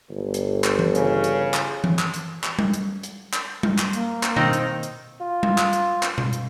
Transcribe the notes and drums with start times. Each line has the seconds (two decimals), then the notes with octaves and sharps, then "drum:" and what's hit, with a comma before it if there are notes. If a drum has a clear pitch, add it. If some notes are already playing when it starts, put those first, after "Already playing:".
0.10 G1
0.34 drum: hi-hat
0.64 drum: clap
0.79 drum: tom E3
0.95 C#3, drum: hi-hat
1.24 drum: hi-hat
1.54 drum: clap
1.84 drum: tom E3
1.99 drum: clap
2.14 drum: hi-hat
2.44 drum: clap
2.59 drum: tom G3
2.74 drum: hi-hat
3.03 drum: hi-hat
3.33 drum: clap
3.63 drum: tom G3
3.78 drum: clap
3.93 A#3, drum: hi-hat
4.23 drum: clap
4.36 D#3 C4 D#4, drum: tom B2
4.53 drum: hi-hat
4.83 drum: hi-hat
5.21 F4
5.43 drum: tom G3
5.58 drum: clap
5.73 drum: hi-hat
6.03 drum: clap
6.18 drum: tom B2
6.33 drum: hi-hat